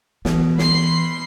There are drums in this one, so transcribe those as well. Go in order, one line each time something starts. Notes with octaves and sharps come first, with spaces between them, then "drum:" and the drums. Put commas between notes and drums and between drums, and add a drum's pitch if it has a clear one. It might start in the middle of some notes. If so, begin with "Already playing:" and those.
B2 E3, drum: snare
B5 C6 C7, drum: snare